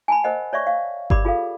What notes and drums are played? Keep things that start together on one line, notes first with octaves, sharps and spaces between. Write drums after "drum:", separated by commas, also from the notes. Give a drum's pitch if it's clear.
G#5 A5 B5
A#4 C5 D#5 F#5
C#5 D5 E5 C#6
F5
G4 A#4 D5 B5 D6, drum: kick G1
F4 G#4 A4 F5